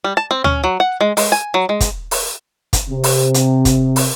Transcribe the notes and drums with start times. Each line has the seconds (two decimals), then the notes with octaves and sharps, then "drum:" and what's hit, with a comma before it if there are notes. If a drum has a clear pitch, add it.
0.04 G3
0.17 A5
0.31 C4
0.44 C#4, drum: tom D2
0.64 F#3
0.80 F#5
1.01 G#3
1.17 G#3, drum: open hi-hat
1.32 G#5
1.54 F#3
1.69 G#3
1.80 drum: kick, hi-hat
2.11 drum: open hi-hat
2.73 drum: kick, hi-hat
2.88 C3
3.04 drum: open hi-hat
3.34 drum: hi-hat
3.65 drum: kick, hi-hat
3.96 drum: open hi-hat